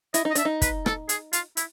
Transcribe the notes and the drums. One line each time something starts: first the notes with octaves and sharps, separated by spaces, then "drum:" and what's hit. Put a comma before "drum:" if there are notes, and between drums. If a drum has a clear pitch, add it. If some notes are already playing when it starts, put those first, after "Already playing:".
E4 D#5, drum: hi-hat
D#4
D#5
D4 E5, drum: hi-hat
D#4
B4, drum: kick, hi-hat
A4, drum: rim click
G#4, drum: hi-hat
F4, drum: hi-hat
E4, drum: hi-hat